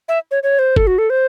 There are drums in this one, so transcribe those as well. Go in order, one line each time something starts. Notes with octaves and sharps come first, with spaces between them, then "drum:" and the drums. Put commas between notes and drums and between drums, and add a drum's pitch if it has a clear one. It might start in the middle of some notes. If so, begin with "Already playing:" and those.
E5
C#5
C#5
C5
A4, drum: kick
F#4
A4
C5